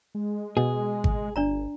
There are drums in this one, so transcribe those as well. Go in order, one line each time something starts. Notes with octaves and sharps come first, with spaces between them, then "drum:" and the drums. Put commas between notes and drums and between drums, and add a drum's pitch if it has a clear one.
G#3
B2 G#4
drum: kick G#1
G1 D4 D5 A#5